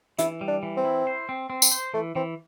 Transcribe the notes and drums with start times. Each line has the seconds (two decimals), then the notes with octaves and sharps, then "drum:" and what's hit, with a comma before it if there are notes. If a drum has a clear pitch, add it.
0.19 E3 E4, drum: hi-hat
0.41 G3
0.48 D4
0.63 E3
0.77 C4
0.85 E4
1.07 C5
1.29 C4
1.50 C4
1.62 drum: tambourine
1.71 C5
1.94 E3 A3
2.15 E3 C4